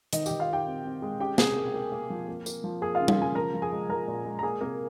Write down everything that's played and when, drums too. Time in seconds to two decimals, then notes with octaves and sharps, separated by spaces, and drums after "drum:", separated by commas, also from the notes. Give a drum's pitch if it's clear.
0.13 D#3 D#4 D#5, drum: hi-hat
0.26 D#3 G4 G5, drum: tambourine
0.39 F4 F5
0.49 D#4 G4 G5
0.67 C4
0.85 C4
1.02 G#3
1.20 C#4 G4 G5
1.38 C3 G#4 G#5, drum: snare
1.56 A#3
1.74 A#3
1.92 A#3
2.10 F3
2.28 A#3
2.46 A#3, drum: tambourine
2.64 F3
2.82 A#3 G#4 G#5
2.95 F4 F5
3.00 C#3
3.08 F4 F5, drum: tom G3
3.18 C#3 G#4 G#5
3.35 F3 A#4 A#5
3.54 F3
3.62 G#4 G#5
3.72 G#3
3.89 F3 A#4 A#5
4.08 A#2
4.25 G#3
4.39 A#5
4.43 A#3 G#4 G#5
4.61 C3 A#3 A#4